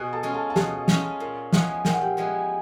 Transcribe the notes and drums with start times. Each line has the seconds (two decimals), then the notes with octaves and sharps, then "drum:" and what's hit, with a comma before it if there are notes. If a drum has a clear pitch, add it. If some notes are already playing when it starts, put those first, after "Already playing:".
Already playing: B2 G#4 G#5
0.13 A4 A5
0.23 G#3 C#4 F4
0.34 A4 A5
0.50 A5
0.56 B2 G#4 G#5, drum: snare
0.88 G#3 C#4 F4, drum: snare
1.20 A#2
1.53 F3 G#3 B3 E4, drum: snare
1.85 A#2 G5, drum: snare
1.93 F#5
2.01 G4 G5
2.17 F3 G#3 B3 E4